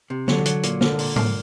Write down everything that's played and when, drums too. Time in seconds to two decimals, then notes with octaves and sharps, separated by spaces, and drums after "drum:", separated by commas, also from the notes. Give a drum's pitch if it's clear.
0.10 C3
0.28 D3 F#3, drum: snare
0.46 F#3, drum: hi-hat
0.63 A#2, drum: hi-hat
0.81 D3 A#3, drum: snare
0.99 A#2, drum: open hi-hat
1.16 A#3, drum: tom G#2